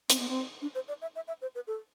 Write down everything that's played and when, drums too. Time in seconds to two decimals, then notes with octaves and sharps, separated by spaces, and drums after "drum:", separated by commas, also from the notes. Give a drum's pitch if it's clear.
0.10 C4, drum: hi-hat
0.20 B3
0.29 C4
0.62 D4
0.75 C5
0.88 D5
1.02 E5
1.16 E5
1.28 E5
1.42 C5
1.55 B4
1.67 A4